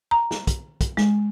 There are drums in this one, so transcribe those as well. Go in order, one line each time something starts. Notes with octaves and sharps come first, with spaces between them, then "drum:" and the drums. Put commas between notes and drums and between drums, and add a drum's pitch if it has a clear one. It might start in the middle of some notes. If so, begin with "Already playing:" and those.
A#5
drum: snare
drum: kick, hi-hat
drum: kick, hi-hat
G#3, drum: snare